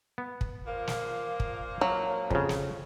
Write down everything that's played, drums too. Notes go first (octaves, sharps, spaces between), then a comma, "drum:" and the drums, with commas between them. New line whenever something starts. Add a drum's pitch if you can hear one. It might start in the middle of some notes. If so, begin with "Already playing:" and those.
B3
drum: kick
A#2 F3 A#3
drum: snare
drum: kick
F#3
F2 C#3, drum: kick
drum: snare